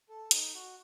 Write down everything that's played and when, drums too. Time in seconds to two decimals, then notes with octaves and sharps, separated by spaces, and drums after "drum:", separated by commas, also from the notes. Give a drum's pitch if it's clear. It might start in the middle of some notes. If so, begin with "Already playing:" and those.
0.09 A4
0.31 D#4, drum: hi-hat
0.54 F#4